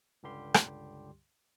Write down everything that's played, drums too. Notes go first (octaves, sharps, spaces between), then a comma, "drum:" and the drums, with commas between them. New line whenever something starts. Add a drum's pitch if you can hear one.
C#2 G2 D3 G3 G4 C6
drum: rim click